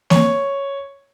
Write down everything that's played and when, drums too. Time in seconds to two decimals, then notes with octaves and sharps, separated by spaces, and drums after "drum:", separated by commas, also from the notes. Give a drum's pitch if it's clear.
0.10 C#5, drum: snare A#3